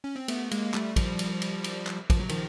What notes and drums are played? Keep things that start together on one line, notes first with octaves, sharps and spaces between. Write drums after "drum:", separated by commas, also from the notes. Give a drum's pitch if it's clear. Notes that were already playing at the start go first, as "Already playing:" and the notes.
C#4
C4
A3 B3, drum: cymbal
G#3 A#3, drum: cymbal
G3 A3, drum: clap
F3 G3, drum: kick, cymbal
drum: cymbal
drum: cymbal
drum: cymbal
drum: clap
F3, drum: kick, cymbal
F#3
D#3 F3, drum: cymbal